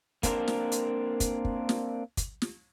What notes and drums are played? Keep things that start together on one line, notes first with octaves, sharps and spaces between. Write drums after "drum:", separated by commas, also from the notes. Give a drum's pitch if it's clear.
A#3 C4 D4 F4 A#4, drum: kick, hi-hat
drum: snare
drum: hi-hat
drum: kick, hi-hat
drum: kick
drum: snare
drum: kick, hi-hat
drum: snare